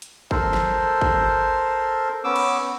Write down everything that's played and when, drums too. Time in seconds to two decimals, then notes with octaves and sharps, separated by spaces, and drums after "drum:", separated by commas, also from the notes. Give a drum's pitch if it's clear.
0.02 drum: hi-hat
0.31 A4 A#4 C5, drum: kick
0.54 drum: snare
1.01 drum: kick
2.24 B3 C#4 D6 E6
2.36 drum: cymbal